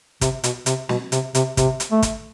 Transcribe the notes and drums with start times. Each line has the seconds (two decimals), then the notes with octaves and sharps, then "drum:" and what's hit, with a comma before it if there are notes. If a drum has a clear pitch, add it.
0.21 C3, drum: kick, hi-hat
0.44 B2, drum: hi-hat
0.66 C3, drum: hi-hat
0.89 B2, drum: snare
1.12 C3, drum: hi-hat
1.35 C3, drum: hi-hat
1.57 C3, drum: kick, hi-hat
1.80 drum: hi-hat
1.91 A3
2.02 drum: kick, hi-hat